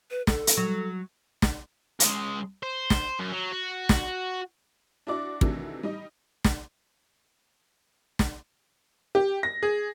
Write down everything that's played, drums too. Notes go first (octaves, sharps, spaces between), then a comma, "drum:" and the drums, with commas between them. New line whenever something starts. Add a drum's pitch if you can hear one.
B4
A4, drum: snare
drum: hi-hat
F#3
drum: snare
C#2 G#3, drum: hi-hat
C5
drum: snare
F#2
F#3
F#4
drum: snare
D4 E4 F#4 D5
C3 D#3 E3 A3 D4 F#4, drum: kick
G3 D#4 D#5
drum: snare
drum: snare
G4
A#6
G#4